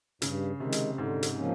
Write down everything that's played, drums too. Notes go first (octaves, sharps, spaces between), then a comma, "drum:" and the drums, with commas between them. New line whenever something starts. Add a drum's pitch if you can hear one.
G2 C#3, drum: hi-hat
C3 D#3 G#3
drum: hi-hat
G#2 D3
drum: hi-hat
F3 A#3 C#4